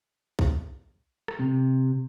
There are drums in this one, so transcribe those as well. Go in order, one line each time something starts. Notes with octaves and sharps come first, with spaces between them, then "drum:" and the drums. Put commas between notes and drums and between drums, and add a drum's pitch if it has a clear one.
drum: kick
drum: rim click
C3